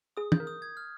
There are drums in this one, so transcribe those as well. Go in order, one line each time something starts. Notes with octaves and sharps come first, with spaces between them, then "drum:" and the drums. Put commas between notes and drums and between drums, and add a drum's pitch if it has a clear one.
G#4 D#6
G6, drum: tom
A#4
D#6
G#6
F6